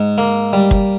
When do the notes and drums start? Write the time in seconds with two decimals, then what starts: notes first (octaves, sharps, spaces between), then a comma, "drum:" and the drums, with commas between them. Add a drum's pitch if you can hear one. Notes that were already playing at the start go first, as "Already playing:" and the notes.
Already playing: G#2
0.18 A#3
0.53 G3
0.71 drum: kick